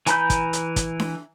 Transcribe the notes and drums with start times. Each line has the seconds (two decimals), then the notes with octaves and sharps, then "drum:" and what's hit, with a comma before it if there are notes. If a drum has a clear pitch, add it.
0.07 E3 G#5 A#5 B5 G6, drum: hi-hat
0.30 drum: kick, hi-hat
0.53 drum: hi-hat
0.76 drum: kick, hi-hat
1.00 drum: snare D4